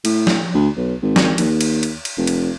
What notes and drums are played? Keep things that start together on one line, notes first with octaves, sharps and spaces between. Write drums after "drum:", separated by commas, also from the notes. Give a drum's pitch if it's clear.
A2, drum: cymbal
drum: snare
D2
B1
G#1
drum: snare
D#2, drum: cymbal
drum: cymbal
drum: cymbal
drum: cymbal
F1
drum: cymbal